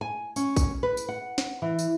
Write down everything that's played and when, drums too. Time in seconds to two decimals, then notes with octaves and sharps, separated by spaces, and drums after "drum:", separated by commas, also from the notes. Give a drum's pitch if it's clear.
0.01 G#5
0.36 C#4, drum: tambourine
0.56 drum: kick A#1, tambourine
0.83 B4
0.97 drum: tambourine
1.09 F#5
1.38 drum: snare
1.62 E3
1.79 drum: tambourine